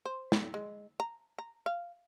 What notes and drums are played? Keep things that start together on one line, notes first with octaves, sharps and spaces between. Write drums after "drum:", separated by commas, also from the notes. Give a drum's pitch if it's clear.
C5
B3, drum: snare
G#3
A#5
A#5
F5